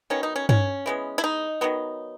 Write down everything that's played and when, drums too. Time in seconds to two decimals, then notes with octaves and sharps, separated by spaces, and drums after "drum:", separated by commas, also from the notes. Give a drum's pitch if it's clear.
0.10 D#3 F#3 B3 C#4
0.23 D#4
0.36 C#4
0.49 C#4, drum: tom G2
0.86 E3 G#3 B3
1.18 E4
1.24 D#4
1.61 D#3 F#3 B3